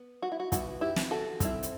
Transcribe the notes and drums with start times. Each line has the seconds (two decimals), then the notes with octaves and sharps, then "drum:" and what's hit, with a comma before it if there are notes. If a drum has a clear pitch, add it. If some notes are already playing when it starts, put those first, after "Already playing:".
Already playing: B3
0.22 F#4
0.32 E4
0.40 F#4
0.52 G3 B3 E4 F#4, drum: kick, hi-hat
0.81 E4 G4
0.96 drum: snare
1.11 F#4 A4
1.40 G3 C4 E4, drum: kick, hi-hat
1.63 drum: hi-hat